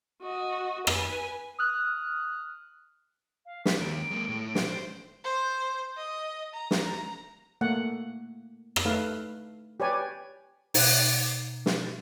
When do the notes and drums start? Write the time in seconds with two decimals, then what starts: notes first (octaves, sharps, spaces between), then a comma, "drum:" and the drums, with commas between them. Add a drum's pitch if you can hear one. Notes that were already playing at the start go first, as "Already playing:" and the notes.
0.22 F#4 D#5
0.87 B4 G#5, drum: rim click
1.59 D#6 F6 F#6
3.46 F5
3.65 B6, drum: snare
3.80 D#2 D7
4.11 G#3 A#3
4.29 A2
4.55 drum: snare
4.68 C5
5.25 C5
5.97 D#5
6.54 A#5
6.71 drum: snare
7.61 A3 A#3 F#5
8.76 drum: rim click
8.85 A3 D#4 B4 F5
9.80 G4 B4 C#5 D5 G#5
10.74 B2 D#4 F#6, drum: open hi-hat
11.66 drum: snare